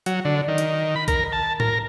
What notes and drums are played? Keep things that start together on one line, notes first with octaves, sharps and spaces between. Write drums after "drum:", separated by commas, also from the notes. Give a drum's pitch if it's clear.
F#3, drum: hi-hat
D3
D#3
drum: hi-hat
B5
A#4, drum: kick B1, hi-hat
A5
A#4, drum: tom A2